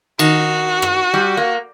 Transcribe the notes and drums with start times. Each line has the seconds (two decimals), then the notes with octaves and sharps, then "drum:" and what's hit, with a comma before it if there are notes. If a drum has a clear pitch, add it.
0.19 D#3 F#4, drum: cymbal
0.82 drum: rim click
1.14 G3
1.37 A#3